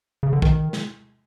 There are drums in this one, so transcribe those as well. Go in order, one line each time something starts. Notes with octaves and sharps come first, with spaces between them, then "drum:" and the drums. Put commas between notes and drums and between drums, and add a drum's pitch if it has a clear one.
C#3
D3
D#3, drum: kick
drum: snare